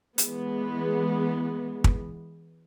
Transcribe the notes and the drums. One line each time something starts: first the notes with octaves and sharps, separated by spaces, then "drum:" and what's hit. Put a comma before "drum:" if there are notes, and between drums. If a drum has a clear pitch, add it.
E3 G#3 B3, drum: hi-hat
drum: kick